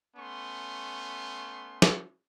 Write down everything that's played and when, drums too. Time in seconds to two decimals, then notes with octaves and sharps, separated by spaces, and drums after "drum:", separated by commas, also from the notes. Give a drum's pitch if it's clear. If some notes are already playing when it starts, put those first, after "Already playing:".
0.16 A3 B3 C#4 C6
1.82 drum: snare